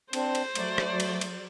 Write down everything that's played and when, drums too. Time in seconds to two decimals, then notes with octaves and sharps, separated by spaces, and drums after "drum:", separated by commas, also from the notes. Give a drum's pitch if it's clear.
0.13 C4 D4 C5, drum: cymbal
0.35 drum: cymbal
0.55 F#3 A3 D5, drum: cymbal
0.78 drum: rim click
1.00 drum: cymbal
1.21 drum: cymbal